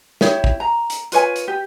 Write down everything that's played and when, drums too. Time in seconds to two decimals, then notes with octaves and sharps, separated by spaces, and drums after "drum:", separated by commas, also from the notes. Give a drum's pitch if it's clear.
0.21 E4 G4 C#5, drum: snare
0.44 drum: kick
0.60 A#5
0.90 drum: hi-hat
1.12 F4 B4 C#5 G#5, drum: hi-hat
1.36 drum: hi-hat
1.48 G4